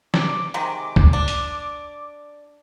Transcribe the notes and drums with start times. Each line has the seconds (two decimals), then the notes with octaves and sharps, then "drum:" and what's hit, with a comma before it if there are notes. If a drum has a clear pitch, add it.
0.14 D6, drum: snare
0.54 C3 D#3 G#3
0.96 drum: kick
1.13 D4
1.28 drum: hi-hat